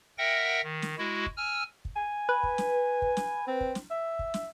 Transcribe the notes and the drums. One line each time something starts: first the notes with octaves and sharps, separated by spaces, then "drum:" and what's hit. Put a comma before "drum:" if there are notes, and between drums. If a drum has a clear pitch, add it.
A#4 E5 F#5 G5 A#6
D#3
drum: snare
G#3 E4 F#4
drum: kick
G#5 E6 F6
drum: kick
G#5
B4
drum: kick
drum: snare
drum: kick
drum: snare
C4
drum: kick
drum: snare
E5
drum: kick
drum: snare